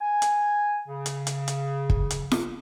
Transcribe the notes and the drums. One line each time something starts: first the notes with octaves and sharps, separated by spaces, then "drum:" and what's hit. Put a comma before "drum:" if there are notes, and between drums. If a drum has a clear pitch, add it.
G#5
drum: hi-hat
C#3
drum: hi-hat
drum: hi-hat
drum: hi-hat
drum: kick
drum: hi-hat
drum: snare